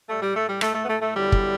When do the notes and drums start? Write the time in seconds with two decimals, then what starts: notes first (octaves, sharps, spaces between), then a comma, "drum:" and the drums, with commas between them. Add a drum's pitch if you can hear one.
0.08 A2 G3 A3
0.22 G3
0.35 A3
0.48 G3
0.61 A3, drum: rim click
0.74 A3
0.84 B3
0.88 A3
1.01 A3
1.15 E2 D3 F#3 G3
1.32 drum: kick